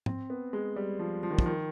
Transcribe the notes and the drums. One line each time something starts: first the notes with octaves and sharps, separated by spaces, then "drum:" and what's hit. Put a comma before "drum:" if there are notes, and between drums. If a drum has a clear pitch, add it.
C4, drum: tom G#2
B3
G#3
G3
F3
F3
D#3
F3, drum: kick
D#3